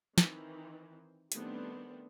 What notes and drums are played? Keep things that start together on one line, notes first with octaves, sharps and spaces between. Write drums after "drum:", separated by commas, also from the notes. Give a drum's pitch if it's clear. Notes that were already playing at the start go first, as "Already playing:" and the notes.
D#3 E3 C4 D#4, drum: snare
D#3 G3 A3 B3 C4 D4, drum: hi-hat